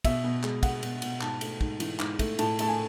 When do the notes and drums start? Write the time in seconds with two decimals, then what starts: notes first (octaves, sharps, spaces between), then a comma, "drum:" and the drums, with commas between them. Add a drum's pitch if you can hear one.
0.04 B2 E5, drum: kick, cymbal
0.24 B2
0.43 G#3, drum: clap
0.63 G#3 F#5, drum: kick, cymbal
0.83 B2, drum: cymbal
1.02 B2, drum: cymbal
1.21 G#2 A5, drum: clap
1.41 A3, drum: cymbal
1.61 G#2, drum: kick
1.80 E3, drum: cymbal
2.00 G#2, drum: clap
2.19 A3, drum: kick, cymbal
2.39 A2 A5, drum: cymbal
2.59 A3 A5, drum: cymbal
2.68 G#5